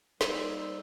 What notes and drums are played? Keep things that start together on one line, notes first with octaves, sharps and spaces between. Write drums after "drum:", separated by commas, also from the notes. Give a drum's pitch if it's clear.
G3 A#3 C4 D#4, drum: snare